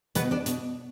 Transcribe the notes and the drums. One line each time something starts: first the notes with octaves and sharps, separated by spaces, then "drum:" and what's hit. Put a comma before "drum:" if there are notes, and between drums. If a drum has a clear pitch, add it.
B2 B3 B4, drum: hi-hat
D4 D5
B2, drum: hi-hat